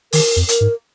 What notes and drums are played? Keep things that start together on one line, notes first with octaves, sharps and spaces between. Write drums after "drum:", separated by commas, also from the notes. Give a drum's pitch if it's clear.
D#3 A#4, drum: open hi-hat
F2
A#4, drum: hi-hat
G#2